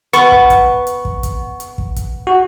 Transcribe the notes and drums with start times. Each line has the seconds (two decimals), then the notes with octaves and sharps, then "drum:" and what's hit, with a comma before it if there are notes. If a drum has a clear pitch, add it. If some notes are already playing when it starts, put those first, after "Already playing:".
0.13 B3 C#6, drum: hi-hat
0.32 drum: kick
0.50 drum: kick, hi-hat
0.87 drum: hi-hat
1.05 drum: kick
1.23 drum: kick, hi-hat
1.60 drum: hi-hat
1.78 drum: kick
1.96 drum: kick, hi-hat
2.27 F#4